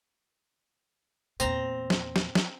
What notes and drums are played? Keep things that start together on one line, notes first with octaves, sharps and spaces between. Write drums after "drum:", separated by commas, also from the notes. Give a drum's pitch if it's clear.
E2 A#2 C4 A#5, drum: tambourine
drum: snare
drum: snare
drum: snare